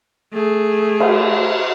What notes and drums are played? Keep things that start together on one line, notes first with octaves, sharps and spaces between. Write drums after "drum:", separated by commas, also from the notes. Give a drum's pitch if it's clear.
A3 G#4
drum: cymbal